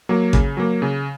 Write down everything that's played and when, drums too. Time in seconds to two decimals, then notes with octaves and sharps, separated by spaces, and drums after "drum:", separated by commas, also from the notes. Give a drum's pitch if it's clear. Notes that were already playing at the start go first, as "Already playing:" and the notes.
0.09 F#3 A#3
0.33 C#3, drum: kick G#1
0.57 F#3 A#3
0.82 C#3